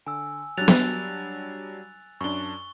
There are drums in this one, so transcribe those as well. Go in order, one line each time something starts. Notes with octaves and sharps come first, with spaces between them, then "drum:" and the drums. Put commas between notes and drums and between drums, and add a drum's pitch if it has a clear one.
D3 G#5 E6
F#3 G3 D4 F#6 A6 F7
drum: snare B3
F#2 D4 C#6 G7